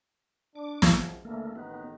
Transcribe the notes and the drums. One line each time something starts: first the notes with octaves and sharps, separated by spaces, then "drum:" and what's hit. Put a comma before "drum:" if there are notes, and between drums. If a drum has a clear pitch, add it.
D4 D6
drum: snare
C#2 F#2 F3
D#2 D3 E3 A3 A#3
A1 D#3 B3 D#4